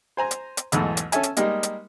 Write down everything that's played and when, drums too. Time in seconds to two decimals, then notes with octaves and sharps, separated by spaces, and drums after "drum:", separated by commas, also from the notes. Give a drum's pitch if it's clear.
0.17 C5 G#5 A#5
0.31 drum: hi-hat
0.57 drum: hi-hat
0.72 B1 E2 G#2 A3, drum: hi-hat
0.97 drum: hi-hat
1.12 C#4 A4 E5 G#5, drum: hi-hat
1.23 drum: hi-hat
1.37 G3 G#3 A#3 D#4, drum: hi-hat
1.63 drum: hi-hat